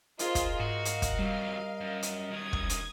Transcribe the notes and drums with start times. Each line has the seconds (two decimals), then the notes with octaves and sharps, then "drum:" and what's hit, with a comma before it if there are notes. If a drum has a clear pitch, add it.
0.19 F4 G#4 A#4 C5 D#5, drum: hi-hat
0.35 drum: kick, hi-hat
0.60 G#2 F#4 F5
0.85 drum: hi-hat
1.02 drum: kick, hi-hat
1.19 F2 F#3 G3
1.81 F#2
2.03 drum: hi-hat
2.31 F#2 D#3 D#6 G#6
2.53 drum: kick
2.70 drum: hi-hat